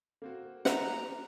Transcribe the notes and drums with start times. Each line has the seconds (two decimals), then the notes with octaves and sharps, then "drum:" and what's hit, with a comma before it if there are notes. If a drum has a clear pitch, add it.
0.22 A#3 C4 F#4
0.65 B3 D4 F#5 A#5, drum: snare